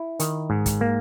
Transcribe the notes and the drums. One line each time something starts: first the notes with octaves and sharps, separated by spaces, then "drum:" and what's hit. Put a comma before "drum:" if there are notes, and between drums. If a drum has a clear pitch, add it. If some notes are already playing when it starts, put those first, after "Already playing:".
Already playing: E4
D#3, drum: hi-hat
G#2
drum: kick, hi-hat
A#3